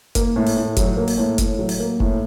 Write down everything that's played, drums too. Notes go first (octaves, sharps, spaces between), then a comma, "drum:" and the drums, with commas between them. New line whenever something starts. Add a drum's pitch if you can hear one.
A#3, drum: kick F1, hi-hat
A2
drum: open hi-hat
A2
F#3, drum: kick F1, hi-hat
A#3
drum: open hi-hat
A2
A2, drum: kick F1, hi-hat
F#3
drum: open hi-hat
A#3
A2, drum: kick F1